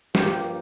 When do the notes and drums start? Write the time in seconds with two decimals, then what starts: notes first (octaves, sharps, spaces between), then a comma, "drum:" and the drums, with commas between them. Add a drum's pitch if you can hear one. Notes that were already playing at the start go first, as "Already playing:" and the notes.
0.15 G2 F3 A#3 G4, drum: snare